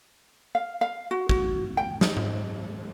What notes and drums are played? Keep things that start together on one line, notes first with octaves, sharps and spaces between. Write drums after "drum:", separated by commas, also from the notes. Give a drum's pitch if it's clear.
F5
F5
F#4
F#4, drum: kick
G5
D#4, drum: snare
drum: tom G#2